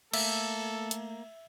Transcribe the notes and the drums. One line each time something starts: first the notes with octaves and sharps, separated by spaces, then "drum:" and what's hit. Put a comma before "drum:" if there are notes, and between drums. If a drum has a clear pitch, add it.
A3 A#3 A4 E5, drum: cymbal
drum: hi-hat